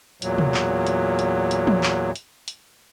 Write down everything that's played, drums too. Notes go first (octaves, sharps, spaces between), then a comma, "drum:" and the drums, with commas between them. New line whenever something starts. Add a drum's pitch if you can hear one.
E2 A#2 F#3, drum: hi-hat
drum: tom
drum: clap
drum: hi-hat
drum: hi-hat
drum: hi-hat
drum: tom
drum: clap
drum: hi-hat
drum: hi-hat